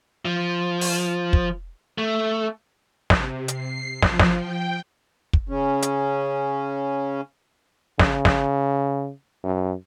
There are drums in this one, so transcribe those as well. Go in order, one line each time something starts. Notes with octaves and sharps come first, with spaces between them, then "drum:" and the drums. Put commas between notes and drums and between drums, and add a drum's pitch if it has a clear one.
F3
drum: open hi-hat
drum: kick
A3
C3, drum: snare
C7, drum: hi-hat
F3, drum: snare
drum: snare
G5
drum: kick
C#3 C#4
drum: hi-hat
C#3, drum: snare
drum: snare
F#2